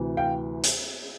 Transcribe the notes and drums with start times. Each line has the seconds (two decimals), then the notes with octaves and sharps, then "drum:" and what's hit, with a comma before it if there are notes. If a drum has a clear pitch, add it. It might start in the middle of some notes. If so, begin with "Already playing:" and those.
Already playing: D2 C3 E3
0.17 F5 G5
0.64 drum: hi-hat